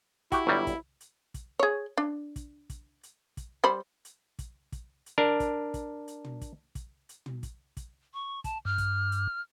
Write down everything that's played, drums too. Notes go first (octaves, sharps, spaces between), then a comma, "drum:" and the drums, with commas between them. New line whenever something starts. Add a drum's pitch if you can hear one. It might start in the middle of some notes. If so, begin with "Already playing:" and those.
E4 F#4 G4, drum: kick, hi-hat
G1 F#3 G3
drum: kick, hi-hat
drum: hi-hat
drum: kick, hi-hat
G#4 C#5
D4
drum: kick, hi-hat
drum: kick, hi-hat
drum: hi-hat
drum: kick, hi-hat
G3 C5 B5
drum: hi-hat
drum: kick, hi-hat
drum: kick, hi-hat
drum: hi-hat
D4 A#4
drum: kick, hi-hat
drum: kick, hi-hat
drum: hi-hat
drum: tom
drum: kick, hi-hat
drum: kick, hi-hat
drum: hi-hat
drum: tom
drum: kick, hi-hat
drum: kick, hi-hat
C#6
A5, drum: kick, hi-hat
G2 F6
drum: kick, hi-hat
drum: hi-hat